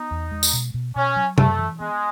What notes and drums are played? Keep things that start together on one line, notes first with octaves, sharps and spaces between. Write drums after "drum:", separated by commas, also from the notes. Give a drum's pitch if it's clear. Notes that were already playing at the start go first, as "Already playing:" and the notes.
Already playing: B3 D#4
E2
G#3
drum: tambourine
B2
B2
B2 C#4
F#3
F#2 A3, drum: tom
E3
G#3 B3